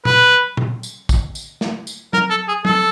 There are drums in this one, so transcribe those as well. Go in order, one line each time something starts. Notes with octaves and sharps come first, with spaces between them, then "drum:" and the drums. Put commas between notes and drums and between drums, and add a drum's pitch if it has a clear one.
B4, drum: tom A#2
drum: tom A#2
drum: tambourine
drum: kick, tambourine
drum: tambourine
drum: snare
drum: tambourine
A#4, drum: tom F#3
A4
G#4
A4, drum: tom F#3